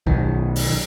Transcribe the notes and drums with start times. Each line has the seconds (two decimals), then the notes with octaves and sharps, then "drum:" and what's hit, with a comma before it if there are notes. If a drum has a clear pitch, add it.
0.06 B1 D#3
0.56 drum: open hi-hat